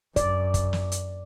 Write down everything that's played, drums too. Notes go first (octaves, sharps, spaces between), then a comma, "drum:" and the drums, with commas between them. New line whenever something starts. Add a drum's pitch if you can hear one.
F#2 D5, drum: kick, hi-hat
drum: kick, hi-hat
drum: snare
drum: hi-hat